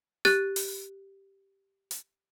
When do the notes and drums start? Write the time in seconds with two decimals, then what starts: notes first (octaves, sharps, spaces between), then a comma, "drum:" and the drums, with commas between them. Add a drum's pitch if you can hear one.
0.25 G4 F#6 A6, drum: snare
0.56 drum: open hi-hat
1.91 drum: hi-hat